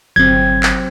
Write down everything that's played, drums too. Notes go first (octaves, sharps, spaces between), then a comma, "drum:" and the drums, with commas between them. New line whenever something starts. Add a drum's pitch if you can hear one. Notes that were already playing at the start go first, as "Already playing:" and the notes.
G1 F#3 C4 G#6
drum: clap